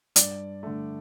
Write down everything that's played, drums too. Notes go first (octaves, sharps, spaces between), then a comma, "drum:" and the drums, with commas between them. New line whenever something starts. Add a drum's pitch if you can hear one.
G2 D5, drum: hi-hat
D3 A3